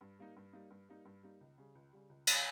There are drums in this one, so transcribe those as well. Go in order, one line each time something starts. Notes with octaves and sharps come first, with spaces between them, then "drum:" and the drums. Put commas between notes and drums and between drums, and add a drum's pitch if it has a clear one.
G2
G3 A#3 D#4
G2
G3 A#3 D#4
G2
G3 A#3 D#4
G2
G3 A#3 D#4
C#2
C#3 G3
C#2
C#3 G3
C#2
C#3 G3, drum: cymbal